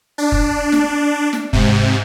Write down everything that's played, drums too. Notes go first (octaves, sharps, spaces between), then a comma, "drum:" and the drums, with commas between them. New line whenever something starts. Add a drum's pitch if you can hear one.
D4
drum: kick
drum: snare
drum: snare
G#2 C3, drum: kick